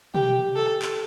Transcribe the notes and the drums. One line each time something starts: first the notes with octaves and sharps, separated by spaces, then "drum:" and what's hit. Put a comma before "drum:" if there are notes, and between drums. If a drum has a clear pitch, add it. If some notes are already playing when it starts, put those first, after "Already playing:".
G4, drum: tom B2
A4
drum: clap